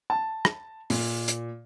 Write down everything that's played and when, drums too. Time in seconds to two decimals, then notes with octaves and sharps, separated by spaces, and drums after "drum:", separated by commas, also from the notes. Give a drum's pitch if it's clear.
0.10 A5
0.45 drum: rim click
0.90 A#2, drum: open hi-hat
1.28 drum: hi-hat